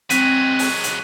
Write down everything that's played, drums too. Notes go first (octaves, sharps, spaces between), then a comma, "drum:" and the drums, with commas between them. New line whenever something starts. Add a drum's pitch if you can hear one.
F#3 G#3 C4 F#6 B6 D#7, drum: hi-hat
drum: open hi-hat
drum: hi-hat